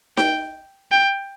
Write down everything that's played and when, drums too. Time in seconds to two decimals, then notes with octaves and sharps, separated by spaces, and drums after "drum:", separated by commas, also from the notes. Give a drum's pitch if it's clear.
0.17 G5, drum: snare D#4
0.91 G5